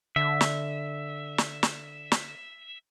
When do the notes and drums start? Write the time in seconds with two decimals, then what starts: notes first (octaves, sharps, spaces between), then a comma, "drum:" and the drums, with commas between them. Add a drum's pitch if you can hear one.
0.16 D3 E5
0.41 drum: snare
1.38 drum: snare
1.63 drum: snare
2.12 drum: snare